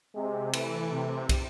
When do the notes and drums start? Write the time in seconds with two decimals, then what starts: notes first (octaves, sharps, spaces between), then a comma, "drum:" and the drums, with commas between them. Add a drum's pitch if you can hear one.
0.15 C3 G#3
0.53 E3 A3, drum: cymbal
0.91 C3
1.29 drum: kick, cymbal